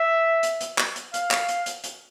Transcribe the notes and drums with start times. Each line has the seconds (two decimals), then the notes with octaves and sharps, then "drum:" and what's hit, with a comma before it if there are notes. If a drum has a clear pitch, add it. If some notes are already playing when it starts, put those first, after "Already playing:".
Already playing: E5
0.43 drum: hi-hat
0.61 drum: hi-hat
0.78 drum: clap
0.96 drum: hi-hat
1.14 F5, drum: hi-hat
1.31 drum: clap
1.49 drum: hi-hat
1.66 drum: hi-hat
1.84 drum: hi-hat